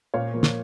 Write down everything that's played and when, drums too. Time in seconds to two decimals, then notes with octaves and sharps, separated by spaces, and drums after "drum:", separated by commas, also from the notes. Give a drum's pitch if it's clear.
0.14 A#2 C#5 F5
0.34 F3 A#3
0.43 drum: snare